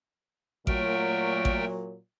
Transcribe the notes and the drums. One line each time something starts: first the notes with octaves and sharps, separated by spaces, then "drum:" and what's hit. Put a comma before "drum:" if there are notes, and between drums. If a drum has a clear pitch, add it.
A#2 F#3 A3 A#4 G5, drum: kick A1
drum: kick A1